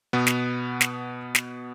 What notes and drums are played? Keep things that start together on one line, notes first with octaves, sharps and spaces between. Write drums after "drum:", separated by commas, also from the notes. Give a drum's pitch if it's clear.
B2 B3
drum: snare
drum: snare
drum: snare